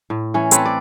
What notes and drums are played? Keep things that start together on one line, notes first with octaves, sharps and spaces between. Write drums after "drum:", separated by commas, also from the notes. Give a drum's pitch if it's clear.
A2
E3 C#4
C4 A4 B4 C#5, drum: hi-hat
D5